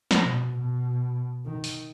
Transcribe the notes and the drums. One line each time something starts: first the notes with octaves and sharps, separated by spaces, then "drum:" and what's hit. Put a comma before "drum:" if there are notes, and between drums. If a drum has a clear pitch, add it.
drum: snare
B2
B2
D#3
drum: open hi-hat